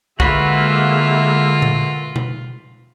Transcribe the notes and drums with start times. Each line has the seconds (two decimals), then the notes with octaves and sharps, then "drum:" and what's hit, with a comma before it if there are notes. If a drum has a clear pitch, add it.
0.20 D3 G#3 A#3 F4 F#4 B4 E5, drum: kick
1.62 drum: tom A#2
2.16 drum: tom B2